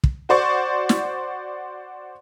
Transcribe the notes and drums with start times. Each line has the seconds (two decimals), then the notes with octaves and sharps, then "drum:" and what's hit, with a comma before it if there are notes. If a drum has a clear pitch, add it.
0.04 drum: kick
0.29 F#4 C5 D5 C#6
0.89 drum: snare